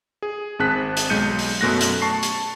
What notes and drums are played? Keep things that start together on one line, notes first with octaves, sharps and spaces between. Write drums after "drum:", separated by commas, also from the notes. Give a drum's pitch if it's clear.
G#4
G#1 C4 G#4 A5 F#6 B6
drum: hi-hat
B1 G#3 G6 C#7 D#7
drum: open hi-hat
F#2 B2 A3 F#6 A#6
drum: hi-hat
A5 C#6 C7
drum: hi-hat